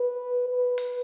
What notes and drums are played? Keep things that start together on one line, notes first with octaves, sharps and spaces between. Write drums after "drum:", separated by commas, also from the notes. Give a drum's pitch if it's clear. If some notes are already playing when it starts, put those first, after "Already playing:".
Already playing: B4
B4
drum: open hi-hat